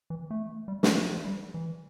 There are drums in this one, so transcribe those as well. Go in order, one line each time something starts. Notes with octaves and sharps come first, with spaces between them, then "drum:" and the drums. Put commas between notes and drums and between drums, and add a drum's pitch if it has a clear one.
E3
A3
G3
A3, drum: snare
A3
F3
G3
E3